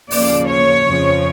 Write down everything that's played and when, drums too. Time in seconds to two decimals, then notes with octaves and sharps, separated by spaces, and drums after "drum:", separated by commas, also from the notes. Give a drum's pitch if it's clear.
0.11 D#2 C#3 F3 A#3 D5, drum: open hi-hat
0.47 C#5
0.85 F2 C#3 F3